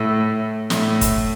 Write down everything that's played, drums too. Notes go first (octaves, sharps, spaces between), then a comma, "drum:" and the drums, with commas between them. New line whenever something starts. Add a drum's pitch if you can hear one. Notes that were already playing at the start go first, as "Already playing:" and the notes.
Already playing: A2
A2, drum: snare
drum: kick, hi-hat